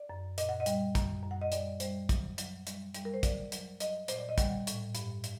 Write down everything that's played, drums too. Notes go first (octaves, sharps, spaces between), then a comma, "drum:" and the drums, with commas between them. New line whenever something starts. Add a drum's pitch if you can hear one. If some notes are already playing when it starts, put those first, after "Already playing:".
Already playing: D5
F#2
A#2 D#5, drum: hi-hat
F#5
D#5
G3, drum: hi-hat
F#2, drum: kick, hi-hat
F#2
F#5
D#5
G3 D5, drum: hi-hat
G3 C5, drum: hi-hat
F#3, drum: kick, hi-hat
F#3, drum: hi-hat
G3, drum: hi-hat
G3, drum: hi-hat
A#4
C5
F#3 D5, drum: kick, hi-hat
F#3, drum: hi-hat
F#3 D#5, drum: hi-hat
A#2 C5, drum: hi-hat
D5
D#5
G3 F#5, drum: kick, hi-hat
A2, drum: hi-hat
G2, drum: hi-hat
drum: hi-hat